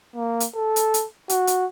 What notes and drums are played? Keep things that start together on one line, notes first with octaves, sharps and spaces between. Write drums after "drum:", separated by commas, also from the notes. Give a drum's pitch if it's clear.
A#3
drum: hi-hat
A4
drum: hi-hat
drum: hi-hat
F#4, drum: hi-hat
drum: hi-hat